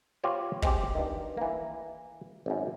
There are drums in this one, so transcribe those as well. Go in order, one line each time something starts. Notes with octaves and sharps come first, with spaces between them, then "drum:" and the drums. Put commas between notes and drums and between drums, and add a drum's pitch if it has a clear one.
B3 F4 G4 C5 C#5
G#3 C4 G4, drum: kick
G2 D#3
E3 A#3
G#1 F#2